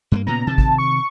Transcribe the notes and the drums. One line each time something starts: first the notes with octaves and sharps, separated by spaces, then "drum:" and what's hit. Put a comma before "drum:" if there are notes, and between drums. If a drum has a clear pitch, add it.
G2 A3 A#3
A#2 C#3 B3 A#5
C3 D#3 A5
drum: kick
C#6